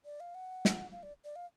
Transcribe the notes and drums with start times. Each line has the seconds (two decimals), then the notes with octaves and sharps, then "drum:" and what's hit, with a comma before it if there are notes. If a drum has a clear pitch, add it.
0.05 D5
0.20 F5
0.35 F#5
0.65 drum: snare
0.92 F5
1.03 D5
1.25 D5
1.36 F5